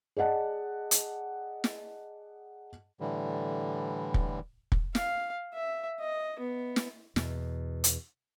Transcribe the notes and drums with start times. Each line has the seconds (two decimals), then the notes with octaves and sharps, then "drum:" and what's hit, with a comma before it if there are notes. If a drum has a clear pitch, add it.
0.17 G#4 D5 D#5 F#5 A5
0.91 drum: hi-hat
1.64 drum: snare
3.00 A2 D3 E3 G3
4.14 drum: kick
4.72 drum: kick
4.95 F5, drum: snare
5.54 E5
6.00 D#5
6.40 B3
6.76 drum: snare
7.16 E2 B2, drum: snare
7.84 drum: hi-hat